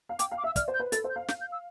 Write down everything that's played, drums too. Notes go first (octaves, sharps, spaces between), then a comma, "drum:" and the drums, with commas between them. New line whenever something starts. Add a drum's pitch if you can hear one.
F5
G5 D6, drum: hi-hat
F5
D6
E5 E6
D5 F6, drum: kick, hi-hat
C5
G6
B4
A4 A6, drum: hi-hat
C5
G6
F5
F5 G6, drum: snare
G6
E6